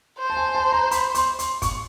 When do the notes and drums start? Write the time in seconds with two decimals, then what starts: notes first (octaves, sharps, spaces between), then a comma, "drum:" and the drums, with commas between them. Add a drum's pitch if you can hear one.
0.19 C5
0.30 A5
0.37 G#5
0.55 A5
0.72 A#5
0.91 B5, drum: hi-hat
1.15 C6, drum: hi-hat
1.39 C6, drum: hi-hat
1.62 C#6, drum: kick G1, hi-hat